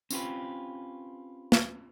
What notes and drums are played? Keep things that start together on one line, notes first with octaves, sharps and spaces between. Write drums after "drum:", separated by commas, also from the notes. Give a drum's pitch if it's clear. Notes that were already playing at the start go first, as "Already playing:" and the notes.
C4 C#4 F4 G4 B4, drum: tambourine
drum: snare